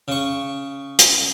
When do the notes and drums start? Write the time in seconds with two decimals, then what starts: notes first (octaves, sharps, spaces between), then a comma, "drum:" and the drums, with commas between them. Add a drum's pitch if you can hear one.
0.08 C#3 C#6
0.99 drum: hi-hat